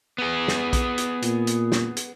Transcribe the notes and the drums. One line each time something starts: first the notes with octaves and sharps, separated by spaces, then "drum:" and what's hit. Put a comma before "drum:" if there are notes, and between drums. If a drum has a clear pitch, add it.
B3 G#4
drum: snare
drum: kick A#1, hi-hat
drum: hi-hat
A#2, drum: hi-hat
drum: hi-hat
drum: snare
drum: hi-hat